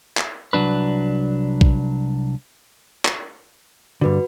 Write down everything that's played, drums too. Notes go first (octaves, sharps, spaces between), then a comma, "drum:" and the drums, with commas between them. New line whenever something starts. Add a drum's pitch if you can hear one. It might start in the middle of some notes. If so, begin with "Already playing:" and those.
drum: clap
C2 F#3 D4 B4
drum: kick A#1
drum: clap
G2 D3 F#4 B4